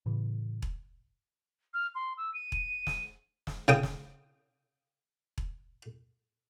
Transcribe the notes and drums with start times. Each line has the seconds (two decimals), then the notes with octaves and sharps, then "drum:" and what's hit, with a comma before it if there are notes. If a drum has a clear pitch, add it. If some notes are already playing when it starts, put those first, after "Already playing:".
0.06 A2 C#3 E3
0.62 drum: kick E1
1.74 F6
1.95 C6
2.17 E6
2.34 D#7
2.52 drum: kick E1
2.87 drum: snare
3.47 drum: snare
3.68 C#3 G5 D#6
3.83 drum: snare
5.38 drum: kick E1